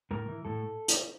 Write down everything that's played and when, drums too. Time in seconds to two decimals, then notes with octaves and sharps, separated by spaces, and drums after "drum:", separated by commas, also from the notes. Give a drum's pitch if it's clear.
0.11 A2 A#4
0.28 E3
0.45 A2 A4
0.88 drum: hi-hat